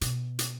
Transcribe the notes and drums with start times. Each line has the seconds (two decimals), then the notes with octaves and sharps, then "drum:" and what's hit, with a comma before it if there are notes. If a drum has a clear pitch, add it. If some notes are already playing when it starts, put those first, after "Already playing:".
0.01 B2, drum: hi-hat
0.39 drum: hi-hat